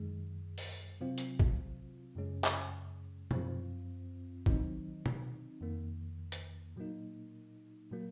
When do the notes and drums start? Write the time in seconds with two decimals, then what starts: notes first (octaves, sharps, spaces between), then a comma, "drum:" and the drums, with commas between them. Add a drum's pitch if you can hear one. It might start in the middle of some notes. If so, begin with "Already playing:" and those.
Already playing: F#2 D#3 G#3
0.58 drum: open hi-hat
1.00 C3 F#3 C4 F4
1.18 drum: hi-hat
1.40 drum: kick
2.15 F#2 C#3 G#3 C#4
2.44 drum: clap
3.31 F#2 F3 C4 F4, drum: tom
4.46 D#3 F#3 C4 D#4, drum: kick
5.06 drum: tom
5.61 F2 D#3 A#3
6.32 drum: hi-hat
6.76 A#2 F#3 A#3 D#4
7.91 A#2 F#3 A#3